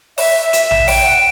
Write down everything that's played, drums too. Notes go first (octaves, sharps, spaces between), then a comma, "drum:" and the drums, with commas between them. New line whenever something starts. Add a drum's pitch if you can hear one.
E5 E7, drum: open hi-hat
E5 E7
E7, drum: hi-hat
E5
E7, drum: tom A#1
G5 D7, drum: open hi-hat
F#5 D7